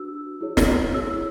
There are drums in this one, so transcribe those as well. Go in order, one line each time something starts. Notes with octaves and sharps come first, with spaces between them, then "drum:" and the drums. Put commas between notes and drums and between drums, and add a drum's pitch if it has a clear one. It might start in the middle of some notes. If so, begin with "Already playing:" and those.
Already playing: D4 F#4 B4 E6
E4 G#4 C#5
drum: snare
E4 G#4 C#5 E6